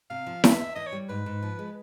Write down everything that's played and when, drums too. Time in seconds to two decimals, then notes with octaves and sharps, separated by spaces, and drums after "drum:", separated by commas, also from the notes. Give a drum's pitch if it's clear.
0.10 C3 F5
0.27 F3
0.44 E2 E5, drum: snare E4
0.60 E2
0.76 E3 D#5
0.87 C#5
0.92 G3
1.09 G#2 B4
1.26 G#2
1.43 F3
1.59 G#3